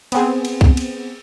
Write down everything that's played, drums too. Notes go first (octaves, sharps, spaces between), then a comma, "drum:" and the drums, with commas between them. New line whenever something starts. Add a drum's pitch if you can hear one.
B3 C4 G#4, drum: cymbal
drum: cymbal
drum: kick
drum: cymbal